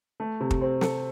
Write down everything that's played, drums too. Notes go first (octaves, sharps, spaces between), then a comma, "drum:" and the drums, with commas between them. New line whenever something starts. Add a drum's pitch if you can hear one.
A3
C3
drum: kick
C4
A4, drum: snare